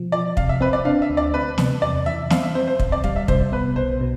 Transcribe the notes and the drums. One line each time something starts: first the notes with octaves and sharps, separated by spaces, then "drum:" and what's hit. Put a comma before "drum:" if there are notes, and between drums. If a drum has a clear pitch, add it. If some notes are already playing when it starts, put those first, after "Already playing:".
Already playing: B2 F3
F3 D5
C3 F5, drum: kick
E5
C4 B4
D5
D4 F5
E5
D2
D5
C4 B4
C3, drum: snare
E2 D5
E3 E5
C4 F5, drum: snare
E5
C4 C5
C5
C2, drum: kick
D5
G3 F5, drum: kick
E5
C3 C5, drum: kick
B3 B4
B1 C5
B2